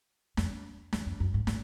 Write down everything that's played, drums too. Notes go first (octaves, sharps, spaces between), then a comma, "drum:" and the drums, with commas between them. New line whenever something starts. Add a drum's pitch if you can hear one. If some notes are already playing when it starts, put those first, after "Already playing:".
F2, drum: snare
E2, drum: snare
F2
F#2
G#2
A2, drum: snare